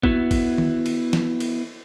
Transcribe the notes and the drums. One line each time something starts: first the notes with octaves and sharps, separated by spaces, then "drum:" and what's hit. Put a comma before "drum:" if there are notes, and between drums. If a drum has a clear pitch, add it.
B3 E4 F#4, drum: kick G#1
drum: kick G#1, cymbal
drum: tom D#3
drum: cymbal
drum: snare
drum: cymbal